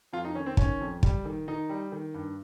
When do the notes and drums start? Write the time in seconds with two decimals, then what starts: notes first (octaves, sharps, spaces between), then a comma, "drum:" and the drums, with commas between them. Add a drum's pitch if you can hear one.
0.13 F2 F4
0.25 D#4
0.35 D#3 C#4
0.46 C4
0.57 D#3 C#4, drum: kick
0.81 F2
1.03 G3, drum: kick
1.25 D#3
1.48 D#3 D#4
1.69 G3
1.92 D#3
2.14 G2